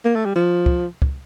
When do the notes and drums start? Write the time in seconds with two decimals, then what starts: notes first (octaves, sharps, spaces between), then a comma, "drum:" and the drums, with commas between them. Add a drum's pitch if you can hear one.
0.05 A#3
0.16 A3
0.25 G3
0.35 F3
0.66 drum: kick
1.02 drum: kick